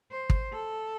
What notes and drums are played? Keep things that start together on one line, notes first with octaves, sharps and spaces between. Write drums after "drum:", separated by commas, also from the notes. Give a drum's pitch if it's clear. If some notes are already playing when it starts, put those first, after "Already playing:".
C5
drum: kick
A4